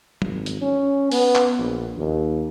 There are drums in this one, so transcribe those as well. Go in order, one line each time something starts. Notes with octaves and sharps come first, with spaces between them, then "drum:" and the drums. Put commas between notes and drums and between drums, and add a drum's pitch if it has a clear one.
G#1, drum: tom
drum: hi-hat
C#4
B3, drum: open hi-hat
drum: clap
A#1
D#2